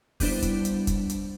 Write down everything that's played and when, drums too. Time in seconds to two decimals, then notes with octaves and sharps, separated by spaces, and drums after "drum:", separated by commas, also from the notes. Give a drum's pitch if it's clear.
0.20 G3 B3 D4 E4 C5, drum: kick, open hi-hat
0.42 drum: kick, hi-hat
0.65 drum: hi-hat
0.87 drum: kick, hi-hat
1.10 drum: hi-hat